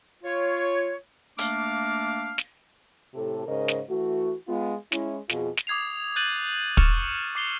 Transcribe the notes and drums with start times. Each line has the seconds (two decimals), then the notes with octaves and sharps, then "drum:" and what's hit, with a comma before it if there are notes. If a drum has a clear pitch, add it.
0.24 F4 C#5
1.38 A3 A#3 D4 F5 D6 F6, drum: hi-hat
2.38 drum: snare
3.14 A2 C3 G4 A4
3.46 G#2 C#3 A#4 C5 D#5
3.68 drum: snare
3.90 E3 A3 F#4
4.47 G#3 B3 F4
4.92 G#3 C#4 E4, drum: snare
5.29 F2 B2 F4 G#4, drum: snare
5.57 drum: snare
5.67 D6 D#6 G#6 C7 F7
6.16 F#6 G6 A6 D#7 F#7
6.77 C#6 F6 A6 C#7 E7 F7, drum: kick
7.35 D6 C7 G7